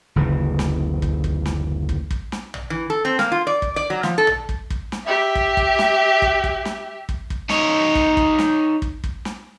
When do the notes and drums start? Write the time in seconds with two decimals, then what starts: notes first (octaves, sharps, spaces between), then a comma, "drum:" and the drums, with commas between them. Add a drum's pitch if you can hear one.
0.16 F#1 D2 C#3 E3
0.59 drum: snare
1.02 drum: kick
1.24 drum: kick
1.46 drum: snare
1.89 drum: kick
2.11 drum: kick
2.32 drum: snare
2.54 drum: tom
2.70 E3
2.90 A4
3.05 C4
3.19 A#3, drum: snare
3.32 F4
3.47 D5
3.62 drum: kick
3.76 D5
3.90 F#3
4.03 F3, drum: snare
4.18 A4
4.27 drum: tom
4.49 drum: kick
4.70 drum: kick
4.92 drum: snare
5.06 G4 E5
5.35 drum: kick
5.57 drum: kick
5.79 drum: snare
6.22 drum: kick
6.44 drum: kick
6.65 drum: snare
7.09 drum: kick
7.30 drum: kick
7.49 D#4 C#5, drum: snare
7.95 drum: kick
8.17 drum: kick
8.39 drum: snare
8.82 drum: kick
9.04 drum: kick
9.25 drum: snare